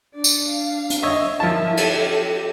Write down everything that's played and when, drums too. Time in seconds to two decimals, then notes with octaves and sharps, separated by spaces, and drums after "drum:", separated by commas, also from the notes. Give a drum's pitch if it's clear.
0.14 D4 D5
0.24 drum: tambourine
0.48 F5
0.90 drum: hi-hat
1.03 C#5 D#5 E5
1.40 F3 E4 A#4 E5 A5
1.77 G4 A4, drum: cymbal